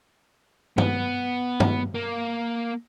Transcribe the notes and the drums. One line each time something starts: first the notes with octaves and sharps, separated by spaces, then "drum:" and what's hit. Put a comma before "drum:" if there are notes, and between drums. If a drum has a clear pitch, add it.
B3, drum: tom
drum: tom
A#3